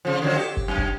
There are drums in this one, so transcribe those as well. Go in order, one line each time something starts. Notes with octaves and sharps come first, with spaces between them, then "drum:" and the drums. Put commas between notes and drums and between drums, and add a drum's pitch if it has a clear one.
C#3 F3
D3 F3 F#3
G4
drum: kick
F#2
drum: kick